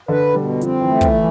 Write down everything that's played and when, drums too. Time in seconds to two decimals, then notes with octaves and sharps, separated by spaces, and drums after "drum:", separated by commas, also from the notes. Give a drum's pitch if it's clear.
0.08 D3 B4
0.35 B2 G3
0.61 F3 C4, drum: hi-hat
0.81 E3
0.87 A3
1.01 E3, drum: kick, hi-hat
1.14 E3